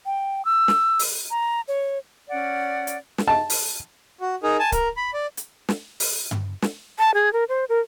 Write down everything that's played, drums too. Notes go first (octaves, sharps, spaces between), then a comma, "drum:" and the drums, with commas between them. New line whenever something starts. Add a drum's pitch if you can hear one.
G5
E6
drum: snare
drum: open hi-hat
A#5
C#5
C#4 D5 F#5
drum: hi-hat
drum: snare
A5
drum: open hi-hat
F#4
D#4 G#4 A#4
G#5 A5
A#4, drum: kick C#1, hi-hat
B5
D5
drum: hi-hat
drum: snare
drum: open hi-hat
drum: tom G2
drum: snare
A5
G#4
A#4
C5
A#4